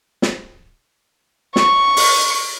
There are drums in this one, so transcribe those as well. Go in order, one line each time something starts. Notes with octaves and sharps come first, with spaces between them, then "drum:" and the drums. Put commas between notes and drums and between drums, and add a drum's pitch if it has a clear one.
drum: snare
C#6, drum: snare
drum: open hi-hat